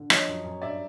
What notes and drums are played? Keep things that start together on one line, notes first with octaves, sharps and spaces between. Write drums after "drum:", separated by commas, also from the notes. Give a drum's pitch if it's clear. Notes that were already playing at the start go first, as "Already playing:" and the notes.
Already playing: D3
F3 C#5 D#5, drum: rim click
F#2
F#2
G2 D5 E5